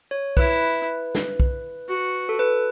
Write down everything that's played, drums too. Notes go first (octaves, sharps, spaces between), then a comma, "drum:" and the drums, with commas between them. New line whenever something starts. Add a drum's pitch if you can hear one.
C#5
E4 B4, drum: kick B1
drum: snare
drum: kick B1
F#4
A4
B4